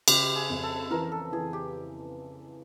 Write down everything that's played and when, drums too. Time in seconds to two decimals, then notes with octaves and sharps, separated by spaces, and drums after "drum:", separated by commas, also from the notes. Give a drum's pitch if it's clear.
0.08 C#3 G4, drum: cymbal
0.36 G#4
0.50 F2
0.63 A4
0.91 E3 A#4
1.12 A4
1.32 E3 G#4
1.53 G4